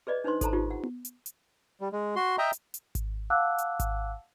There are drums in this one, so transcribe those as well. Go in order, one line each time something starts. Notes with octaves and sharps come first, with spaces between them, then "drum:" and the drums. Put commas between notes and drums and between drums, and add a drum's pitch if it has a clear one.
G#4 B4 D5 D#5
D4 D#4 B4 C5 C6
A4 C5 A5 A#5, drum: kick G#1, hi-hat
D#4 F4 G4 C5
F#5
drum: tom B3
drum: hi-hat
drum: hi-hat
G3
G#3
F#4 C6
D#5 E5 G5 A#5
drum: hi-hat
drum: hi-hat
drum: kick G#1, hi-hat
F5 F#5 A5 D6 E6 F#6
drum: hi-hat
drum: kick G#1, hi-hat